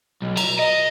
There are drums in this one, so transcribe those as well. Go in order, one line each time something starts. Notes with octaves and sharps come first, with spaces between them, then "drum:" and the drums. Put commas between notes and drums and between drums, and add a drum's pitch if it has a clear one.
B1
A#5, drum: cymbal
D#5